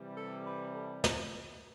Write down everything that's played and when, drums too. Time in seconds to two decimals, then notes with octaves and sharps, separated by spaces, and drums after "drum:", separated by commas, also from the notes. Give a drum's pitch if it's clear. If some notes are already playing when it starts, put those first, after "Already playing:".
Already playing: C3 E3 G3
0.17 A4
0.46 B4
0.75 A4
1.04 drum: snare